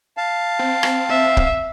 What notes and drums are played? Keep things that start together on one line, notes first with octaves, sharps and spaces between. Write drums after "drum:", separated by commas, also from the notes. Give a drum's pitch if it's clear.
F5 A5
C4
drum: rim click
E5
drum: kick C#1